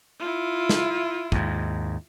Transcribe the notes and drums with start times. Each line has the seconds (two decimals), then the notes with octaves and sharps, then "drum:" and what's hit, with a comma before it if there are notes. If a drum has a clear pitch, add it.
0.19 E4 F4
0.69 drum: snare
1.32 D#2 G#2, drum: kick